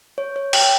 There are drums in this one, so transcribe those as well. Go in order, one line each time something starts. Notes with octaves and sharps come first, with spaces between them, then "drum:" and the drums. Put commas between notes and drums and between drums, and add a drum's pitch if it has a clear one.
C#5
C#5
G5, drum: cymbal